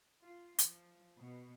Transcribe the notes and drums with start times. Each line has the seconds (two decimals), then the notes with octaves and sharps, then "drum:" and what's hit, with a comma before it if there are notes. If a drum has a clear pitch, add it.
0.21 F4
0.58 F3, drum: hi-hat
1.18 B2